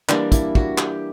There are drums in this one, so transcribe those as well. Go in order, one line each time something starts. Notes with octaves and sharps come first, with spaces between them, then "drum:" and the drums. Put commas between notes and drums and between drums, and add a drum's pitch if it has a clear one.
E3 G3 A#3 D4, drum: clap
E4, drum: kick, hi-hat
F#4, drum: kick
G4, drum: clap